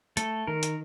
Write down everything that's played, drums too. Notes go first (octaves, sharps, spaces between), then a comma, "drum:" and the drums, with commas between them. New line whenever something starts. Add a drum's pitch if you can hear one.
A3 A4, drum: hi-hat
D#3 A#4
drum: hi-hat